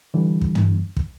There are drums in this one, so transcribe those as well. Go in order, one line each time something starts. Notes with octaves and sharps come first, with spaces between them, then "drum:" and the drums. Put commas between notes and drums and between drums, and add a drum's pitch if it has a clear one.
D3 E3 G3
drum: kick
drum: tom
drum: kick